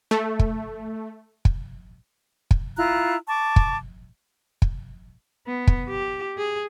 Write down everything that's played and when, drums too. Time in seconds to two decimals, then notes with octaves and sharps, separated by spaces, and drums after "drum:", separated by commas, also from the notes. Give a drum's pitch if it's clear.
0.11 A3
0.39 drum: kick
1.45 drum: kick
2.51 drum: kick
2.77 E4 F4 A#5 F#6
3.28 A5 C#6 D6
3.56 drum: kick
4.62 drum: kick
5.47 B3
5.67 drum: kick
5.89 G4
6.38 G#4